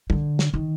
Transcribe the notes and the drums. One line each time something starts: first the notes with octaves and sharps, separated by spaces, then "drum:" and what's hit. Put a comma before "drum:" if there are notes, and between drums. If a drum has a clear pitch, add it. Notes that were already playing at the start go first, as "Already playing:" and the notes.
D3, drum: tom
drum: snare
D#3